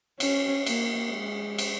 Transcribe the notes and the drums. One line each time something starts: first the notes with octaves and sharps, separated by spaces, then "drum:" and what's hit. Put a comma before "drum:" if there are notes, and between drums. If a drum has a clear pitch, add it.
C#4, drum: cymbal
A#3, drum: cymbal
G#3
drum: cymbal